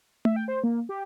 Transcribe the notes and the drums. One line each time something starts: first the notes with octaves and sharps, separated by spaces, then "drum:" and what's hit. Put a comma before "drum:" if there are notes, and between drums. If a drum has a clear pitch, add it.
E5, drum: tom A3
G5
C5
A#3
G4